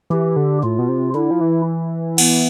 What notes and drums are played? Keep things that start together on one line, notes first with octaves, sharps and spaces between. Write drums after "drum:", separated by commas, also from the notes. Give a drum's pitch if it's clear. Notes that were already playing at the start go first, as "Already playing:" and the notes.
E3 G4
D3
A2 F4
B2
C3
D3 E4
F3
E3
B3, drum: cymbal